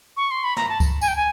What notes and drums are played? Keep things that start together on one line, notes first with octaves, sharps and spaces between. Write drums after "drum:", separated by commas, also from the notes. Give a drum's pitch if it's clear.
C#6
C6
B5
A#5, drum: snare
A5
drum: kick C#2, tambourine
G#5, drum: tambourine
G5
G#5